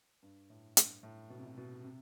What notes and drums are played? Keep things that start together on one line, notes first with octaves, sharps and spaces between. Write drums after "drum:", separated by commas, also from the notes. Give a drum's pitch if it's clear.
G2
A2
G2, drum: hi-hat
A2
B2
C3
B2
B2
C3